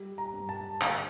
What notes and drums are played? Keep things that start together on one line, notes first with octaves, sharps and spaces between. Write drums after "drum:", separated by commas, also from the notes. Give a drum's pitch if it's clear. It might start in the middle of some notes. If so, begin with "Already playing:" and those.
Already playing: G3
A#5
G2
A5
D3 F5, drum: clap